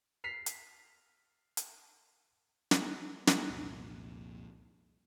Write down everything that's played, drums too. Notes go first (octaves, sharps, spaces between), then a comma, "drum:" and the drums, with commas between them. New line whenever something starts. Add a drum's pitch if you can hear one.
B6 C7 F7
drum: hi-hat
drum: hi-hat
drum: snare
drum: snare
C2 F2 A#2